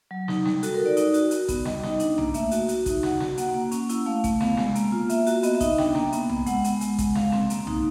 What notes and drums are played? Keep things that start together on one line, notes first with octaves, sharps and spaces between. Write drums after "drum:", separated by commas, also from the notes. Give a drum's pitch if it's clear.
F#3
D#4, drum: snare
G3, drum: snare
F#4 A4, drum: hi-hat
A#4
D#4
D5
D#4 D5, drum: hi-hat
F#4, drum: hi-hat
F#4, drum: hi-hat
B3, drum: kick A1, hi-hat
G3 D#5, drum: snare
D#4, drum: snare
D4, drum: hi-hat
A#3, drum: tom B1
A3 E5, drum: hi-hat
F#4, drum: hi-hat
F#4, drum: hi-hat
D#4, drum: kick A1, hi-hat
F#4 F#5, drum: snare
F#4, drum: snare
A#3 F#5, drum: hi-hat
A#3
C#4, drum: hi-hat
E4, drum: hi-hat
A3 F5
A3, drum: kick A1, hi-hat
B3 F5, drum: snare
G#3, drum: snare
A#3, drum: hi-hat
F4
A#3 E5, drum: hi-hat
F#4, drum: hi-hat
B3 D#5, drum: hi-hat
E5
D#4, drum: kick A1, hi-hat
D4 G5, drum: snare
A#3, drum: snare
B3, drum: hi-hat
B3, drum: tom B1
G#3 F#5, drum: hi-hat
B3, drum: hi-hat
G#3, drum: hi-hat
G#3, drum: kick A1, hi-hat
G#3 F5, drum: snare
C4, drum: snare
A#3, drum: hi-hat
D#4, drum: tom B1